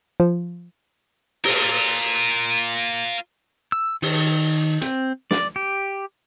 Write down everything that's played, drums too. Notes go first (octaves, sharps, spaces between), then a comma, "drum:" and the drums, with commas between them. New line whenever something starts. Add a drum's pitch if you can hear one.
F3
F4 A#4, drum: open hi-hat
E6
D#3, drum: open hi-hat
C4, drum: hi-hat
D5, drum: snare
G4